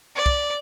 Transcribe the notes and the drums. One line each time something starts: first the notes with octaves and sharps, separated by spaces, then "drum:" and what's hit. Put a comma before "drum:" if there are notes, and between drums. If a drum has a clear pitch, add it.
D5
drum: kick